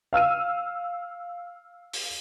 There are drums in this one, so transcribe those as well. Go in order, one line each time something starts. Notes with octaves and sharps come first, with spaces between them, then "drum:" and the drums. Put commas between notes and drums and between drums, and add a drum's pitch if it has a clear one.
F5 E6 F6 D#7
drum: open hi-hat